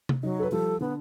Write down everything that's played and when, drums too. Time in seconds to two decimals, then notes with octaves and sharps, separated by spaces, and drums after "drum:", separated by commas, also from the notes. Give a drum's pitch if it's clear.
0.09 drum: tom
0.23 F#3 D#4
0.39 A4 B4
0.52 F3 G3 A4
0.81 D3 B3